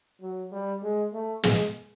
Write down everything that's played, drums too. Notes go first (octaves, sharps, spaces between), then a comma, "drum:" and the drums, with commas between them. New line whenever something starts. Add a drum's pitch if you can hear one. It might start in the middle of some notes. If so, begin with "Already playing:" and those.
F#3
G3
G#3
A3
G#3, drum: snare